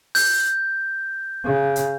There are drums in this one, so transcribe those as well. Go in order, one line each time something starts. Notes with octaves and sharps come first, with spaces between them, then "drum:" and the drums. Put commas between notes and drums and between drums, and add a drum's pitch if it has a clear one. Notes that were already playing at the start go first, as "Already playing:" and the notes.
G6, drum: open hi-hat
C#3
drum: hi-hat